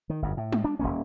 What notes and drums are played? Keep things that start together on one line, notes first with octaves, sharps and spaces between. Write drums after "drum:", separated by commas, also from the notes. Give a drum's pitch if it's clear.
D#3
G1 F#2
A2
drum: tom G3
D4
D#1 G#1 A#3 C#4